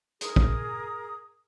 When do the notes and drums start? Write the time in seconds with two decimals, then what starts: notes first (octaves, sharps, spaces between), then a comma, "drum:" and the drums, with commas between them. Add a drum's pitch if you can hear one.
0.21 G#4 A#4 D#6, drum: hi-hat
0.36 drum: kick